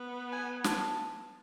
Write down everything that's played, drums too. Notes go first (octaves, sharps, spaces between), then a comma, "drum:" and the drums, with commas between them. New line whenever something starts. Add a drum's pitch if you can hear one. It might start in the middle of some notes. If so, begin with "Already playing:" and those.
Already playing: B3
G#5
A5, drum: snare